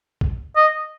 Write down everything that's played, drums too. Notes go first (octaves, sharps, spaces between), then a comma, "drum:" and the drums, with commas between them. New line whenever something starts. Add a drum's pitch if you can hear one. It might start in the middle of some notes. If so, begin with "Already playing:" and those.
drum: kick B1
D#5